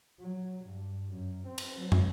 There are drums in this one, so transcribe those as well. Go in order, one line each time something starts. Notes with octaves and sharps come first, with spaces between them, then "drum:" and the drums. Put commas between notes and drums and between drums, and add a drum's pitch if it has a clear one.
F#3
G2
F#2
C4
drum: cymbal
F#3
drum: tom